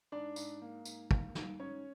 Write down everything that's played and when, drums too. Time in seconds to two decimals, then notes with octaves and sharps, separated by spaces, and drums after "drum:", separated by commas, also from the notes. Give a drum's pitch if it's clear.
0.12 G#2 D4 D5
0.36 G#2, drum: tambourine
0.62 A#3
0.85 G#2, drum: tambourine
1.11 A#3, drum: kick
1.35 G#2, drum: snare
1.59 G#2 C#4 C#5